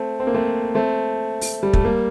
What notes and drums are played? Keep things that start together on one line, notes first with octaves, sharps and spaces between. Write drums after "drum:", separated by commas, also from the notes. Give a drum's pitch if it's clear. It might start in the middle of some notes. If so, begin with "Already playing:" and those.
Already playing: A3 C4
C4
A#3
A3 C4
A3 C4
drum: open hi-hat
G3
A3, drum: kick
G3 A#3